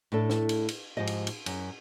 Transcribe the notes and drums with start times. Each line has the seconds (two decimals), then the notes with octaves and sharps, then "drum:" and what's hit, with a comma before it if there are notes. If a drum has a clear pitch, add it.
0.12 A2 D4 A4
0.30 drum: snare
0.49 drum: cymbal
0.69 drum: cymbal
0.97 G#2 F3 G4 D#5
1.07 drum: cymbal
1.27 drum: cymbal
1.46 F#2, drum: cymbal